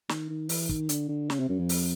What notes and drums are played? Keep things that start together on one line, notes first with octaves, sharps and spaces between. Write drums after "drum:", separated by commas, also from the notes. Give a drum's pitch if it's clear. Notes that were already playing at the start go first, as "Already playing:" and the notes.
D#3, drum: snare
D#3
E3, drum: open hi-hat
D#3, drum: kick
D3, drum: hi-hat
D3
C#3, drum: snare
C3
F#2
F2
drum: open hi-hat